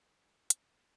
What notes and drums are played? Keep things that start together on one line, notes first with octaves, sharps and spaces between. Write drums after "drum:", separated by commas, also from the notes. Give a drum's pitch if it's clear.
F#3 G#4 C5
drum: hi-hat